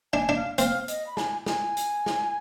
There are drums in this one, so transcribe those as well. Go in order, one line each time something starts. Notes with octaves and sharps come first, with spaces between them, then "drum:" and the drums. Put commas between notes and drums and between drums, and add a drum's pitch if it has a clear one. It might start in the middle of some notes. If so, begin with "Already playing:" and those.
D4 G#5
D4
F5
C4 F5, drum: hi-hat
D#5, drum: hi-hat
B5
G#5, drum: snare
G#5, drum: snare
drum: hi-hat
drum: snare